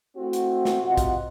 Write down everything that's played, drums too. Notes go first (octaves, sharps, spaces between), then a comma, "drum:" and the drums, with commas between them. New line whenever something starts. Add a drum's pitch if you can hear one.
A3 C4 E4 F#4
drum: hi-hat
drum: snare
C3 F4 D#5 F#5
drum: kick, hi-hat